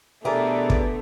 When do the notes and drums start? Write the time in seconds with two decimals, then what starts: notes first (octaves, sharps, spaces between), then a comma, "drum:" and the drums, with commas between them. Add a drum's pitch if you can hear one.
0.25 B2 D3 E3 A3 G4 G#4 A#4 D5
0.70 drum: kick